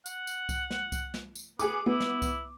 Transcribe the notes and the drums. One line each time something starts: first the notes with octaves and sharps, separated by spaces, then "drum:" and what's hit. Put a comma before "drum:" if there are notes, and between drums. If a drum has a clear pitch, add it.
F#5, drum: tambourine
drum: tambourine
drum: kick C2, tambourine
drum: snare
drum: kick C2, tambourine
drum: snare
drum: tambourine
B3 G#4 G#5 D6, drum: tambourine
B3 E4
drum: snare
drum: kick C2, tambourine